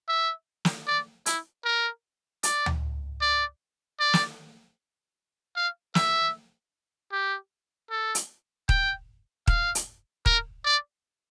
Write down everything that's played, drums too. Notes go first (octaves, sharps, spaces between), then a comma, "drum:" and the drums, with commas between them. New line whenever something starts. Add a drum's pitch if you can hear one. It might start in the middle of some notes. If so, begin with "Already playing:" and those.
E5
drum: snare
D5
E4, drum: hi-hat
A#4
D5, drum: hi-hat
drum: tom D2
D5
D5
drum: snare
F5
E5, drum: snare
G4
A4
drum: hi-hat
G5, drum: kick D#1
F5, drum: kick D#1
drum: hi-hat
A#4, drum: kick D#1
D5